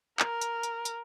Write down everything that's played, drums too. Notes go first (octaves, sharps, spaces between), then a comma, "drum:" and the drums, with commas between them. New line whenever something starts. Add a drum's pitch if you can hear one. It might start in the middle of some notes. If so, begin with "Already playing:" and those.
A#4, drum: clap
drum: hi-hat
drum: hi-hat
drum: hi-hat